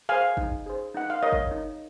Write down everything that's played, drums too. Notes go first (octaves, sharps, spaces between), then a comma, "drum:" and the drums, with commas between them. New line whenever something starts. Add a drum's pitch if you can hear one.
G#4 C5 F5 G#5
D#4, drum: kick
G#4 C5
D#4 F#5
F5
A#4 C#5 D#5
drum: kick
D#4